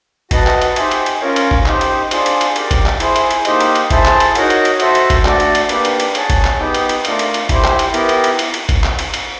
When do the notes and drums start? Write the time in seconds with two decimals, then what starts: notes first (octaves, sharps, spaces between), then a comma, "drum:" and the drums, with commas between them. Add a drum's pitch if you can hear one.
0.31 F#4 B4 D#5 F#5 A5, drum: kick, cymbal
0.47 drum: clap
0.61 drum: cymbal
0.76 D#4 G4 C5 E5 G#5, drum: cymbal
0.91 drum: cymbal
1.06 drum: cymbal
1.21 C#4 F4 A#4 C#5
1.36 drum: cymbal
1.51 drum: kick
1.66 D#4 G4 C5, drum: clap
1.81 drum: cymbal
2.11 D4 F4 G#4 C5, drum: cymbal
2.26 drum: cymbal
2.41 drum: cymbal
2.56 G4 A#4 D5, drum: cymbal
2.71 drum: kick, cymbal
2.86 drum: clap
3.00 E4 G#4 C5, drum: cymbal
3.16 drum: cymbal
3.31 drum: cymbal
3.45 A#3 D#4 G4 C5 D#5, drum: cymbal
3.60 drum: cymbal
3.75 drum: cymbal
3.91 E4 G#4 C5 E5 A5, drum: kick, cymbal
4.05 drum: clap
4.20 drum: cymbal
4.35 D#4 F#4 A#4 C#5 F#5, drum: cymbal
4.50 drum: cymbal
4.65 drum: cymbal
4.80 F#4 A4 C5 E5, drum: cymbal
4.95 drum: cymbal
5.10 drum: kick, cymbal
5.25 A3 D4 F#4 A4 D5, drum: clap
5.40 drum: cymbal
5.55 drum: cymbal
5.69 A#3 D4 G4 B4, drum: cymbal
5.85 drum: cymbal
6.00 drum: cymbal
6.15 G#4 C#5 F#5 A5, drum: cymbal
6.30 drum: kick, cymbal
6.45 drum: clap
6.59 B3 D#4 G4
6.74 drum: cymbal
6.89 drum: cymbal
7.05 A3 D4 F4 A#4, drum: cymbal
7.19 drum: cymbal
7.34 drum: cymbal
7.49 E4 G4 C5, drum: kick, cymbal
7.64 drum: clap
7.79 drum: cymbal
7.94 B3 E4 G4 A#4, drum: cymbal
8.09 drum: cymbal
8.24 drum: cymbal
8.39 drum: cymbal
8.54 drum: cymbal
8.69 drum: kick, cymbal
8.84 drum: clap
8.99 drum: cymbal
9.14 drum: cymbal